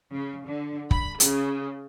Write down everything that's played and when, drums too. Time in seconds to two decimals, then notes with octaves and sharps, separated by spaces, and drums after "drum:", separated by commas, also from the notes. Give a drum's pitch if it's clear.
0.12 C#3
0.46 D3
0.91 B5, drum: kick
1.20 C#3, drum: hi-hat